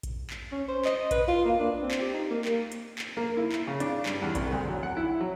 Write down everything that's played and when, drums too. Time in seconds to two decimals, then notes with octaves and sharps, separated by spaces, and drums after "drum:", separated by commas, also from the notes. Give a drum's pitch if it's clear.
0.03 drum: kick A#1, hi-hat
0.30 drum: clap
0.52 C#4
0.68 C5
0.85 D#5, drum: clap
1.11 B4, drum: kick A#1, hi-hat
1.28 F4
1.45 A#3
1.59 D4
1.81 C4
1.91 drum: clap
2.01 G4
2.13 D#4
2.30 A#3
2.45 drum: clap
2.72 drum: hi-hat
2.98 drum: clap
3.17 A#3
3.37 E4
3.52 drum: clap
3.67 C#3
3.80 D4, drum: hi-hat
4.06 G2, drum: clap
4.22 E2
4.35 C2, drum: kick A#1, hi-hat
4.52 D2
4.68 F#3
4.83 F#5
4.97 E4
5.21 F#3